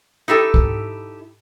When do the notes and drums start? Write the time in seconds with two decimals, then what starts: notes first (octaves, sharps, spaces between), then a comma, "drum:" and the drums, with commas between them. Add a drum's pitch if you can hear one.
0.28 D#4 E4 G4 A4
0.54 drum: kick